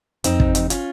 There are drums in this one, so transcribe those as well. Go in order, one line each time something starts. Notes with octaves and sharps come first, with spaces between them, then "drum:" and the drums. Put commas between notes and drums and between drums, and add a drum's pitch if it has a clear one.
F2 C4 D#4, drum: hi-hat
C3, drum: kick
F2, drum: hi-hat
C#4 F4, drum: hi-hat